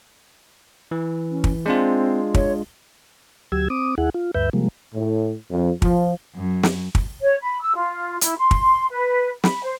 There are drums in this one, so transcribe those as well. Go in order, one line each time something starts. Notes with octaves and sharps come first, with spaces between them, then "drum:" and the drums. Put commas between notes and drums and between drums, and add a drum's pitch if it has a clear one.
E3
C#4
drum: kick
G#3 C4 D4 F4
C#5, drum: kick
D2 F#3 G4 E6 G#6
C4 D6 D#6
D#2 E4 G#4 F#5
F4
D2 G2 B4 E5 G6
C3 F3 G3 G#3 A#3
A2
F2
F3, drum: kick
F#2
drum: snare
drum: kick
C#5
B5
E6
F4
E4, drum: hi-hat
C6
drum: kick
B4
B5, drum: snare
C5